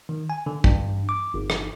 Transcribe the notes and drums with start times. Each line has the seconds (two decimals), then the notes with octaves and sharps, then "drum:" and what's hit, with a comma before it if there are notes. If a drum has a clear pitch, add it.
0.09 D#3
0.30 G#5
0.46 D3
0.64 G2, drum: kick
1.09 D6
1.34 G1
1.50 drum: rim click